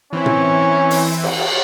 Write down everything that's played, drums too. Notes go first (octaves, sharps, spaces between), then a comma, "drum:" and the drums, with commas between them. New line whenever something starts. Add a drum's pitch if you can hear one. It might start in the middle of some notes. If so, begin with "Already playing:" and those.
E3 C4 C#4 E4
drum: tom
drum: open hi-hat
drum: cymbal
drum: cymbal